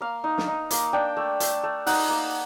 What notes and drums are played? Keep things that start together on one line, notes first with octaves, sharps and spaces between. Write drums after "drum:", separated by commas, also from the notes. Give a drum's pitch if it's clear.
A#3 F5
D#4
drum: snare
D#4
A#3, drum: hi-hat
D4 G5
A3
A3, drum: hi-hat
A3
D#4 F#5, drum: open hi-hat
A#3